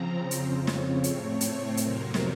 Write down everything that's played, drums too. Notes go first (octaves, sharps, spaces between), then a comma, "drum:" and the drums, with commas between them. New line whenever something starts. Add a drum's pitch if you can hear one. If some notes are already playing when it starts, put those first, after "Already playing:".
Already playing: C#3 F3 C4 A#5
F2 C#3 F3 C4, drum: hi-hat
C#5, drum: snare
A2 A3 C4, drum: hi-hat
C#5, drum: hi-hat
F2 C3 F#3 C4 A#4, drum: hi-hat
drum: snare